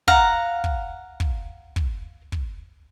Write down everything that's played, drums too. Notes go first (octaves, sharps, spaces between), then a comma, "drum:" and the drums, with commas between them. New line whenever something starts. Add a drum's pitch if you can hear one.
F5 F#5 A#5, drum: kick
drum: kick
drum: kick
drum: kick
drum: kick